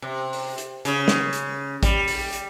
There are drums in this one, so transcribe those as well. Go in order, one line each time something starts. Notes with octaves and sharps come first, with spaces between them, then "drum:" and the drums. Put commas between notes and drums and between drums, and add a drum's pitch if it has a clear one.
C3
drum: open hi-hat
drum: hi-hat
C#3, drum: hi-hat
drum: snare
drum: hi-hat
G3, drum: kick, hi-hat
drum: open hi-hat
drum: hi-hat